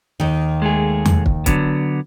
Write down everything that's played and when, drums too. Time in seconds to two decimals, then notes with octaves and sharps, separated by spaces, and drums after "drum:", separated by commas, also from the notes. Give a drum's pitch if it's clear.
0.20 D#2 D#3
0.62 G#3 A3 G#4
1.05 drum: tom E2
1.26 drum: kick
1.46 D3 F#3 B3, drum: kick, hi-hat